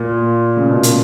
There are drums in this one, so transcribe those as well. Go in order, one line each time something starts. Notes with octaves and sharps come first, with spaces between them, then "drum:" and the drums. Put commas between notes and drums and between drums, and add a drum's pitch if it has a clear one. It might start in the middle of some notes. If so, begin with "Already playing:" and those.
Already playing: A#2
C#3
B2
A#2, drum: hi-hat